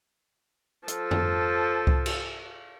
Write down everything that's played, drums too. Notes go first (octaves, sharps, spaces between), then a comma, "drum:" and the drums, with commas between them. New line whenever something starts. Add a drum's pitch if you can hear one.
F3 A4, drum: hi-hat
drum: tom F2
drum: kick C2
drum: cymbal